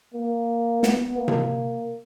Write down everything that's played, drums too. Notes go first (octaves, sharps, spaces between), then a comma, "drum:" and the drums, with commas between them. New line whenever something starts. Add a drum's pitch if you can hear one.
A#3
B3, drum: snare
A#3
drum: tom C3